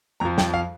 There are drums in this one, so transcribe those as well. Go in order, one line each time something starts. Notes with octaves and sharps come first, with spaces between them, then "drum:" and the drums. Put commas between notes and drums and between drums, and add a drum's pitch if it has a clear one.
F2 F3 A#5
G5, drum: snare
F5